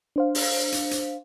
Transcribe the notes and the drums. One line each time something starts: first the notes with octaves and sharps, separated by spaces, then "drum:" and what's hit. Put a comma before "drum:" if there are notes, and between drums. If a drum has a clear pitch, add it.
D4 C5 F5
drum: open hi-hat
drum: hi-hat
drum: hi-hat